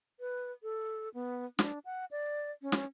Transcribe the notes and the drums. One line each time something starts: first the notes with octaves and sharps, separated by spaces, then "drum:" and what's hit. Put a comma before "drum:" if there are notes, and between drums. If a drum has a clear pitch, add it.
B4
A4
B3
D4, drum: snare
F#5
D5
C#4
drum: snare